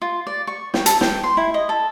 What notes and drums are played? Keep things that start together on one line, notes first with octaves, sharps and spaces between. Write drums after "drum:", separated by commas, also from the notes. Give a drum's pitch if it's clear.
F4
D5
C#6
G5, drum: snare
A4, drum: hi-hat
G5, drum: snare
C6
E4
D#5
A4